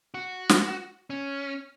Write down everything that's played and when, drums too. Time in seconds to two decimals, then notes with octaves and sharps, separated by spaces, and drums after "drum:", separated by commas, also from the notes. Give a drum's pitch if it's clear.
0.14 F#4
0.49 drum: snare
1.10 C#4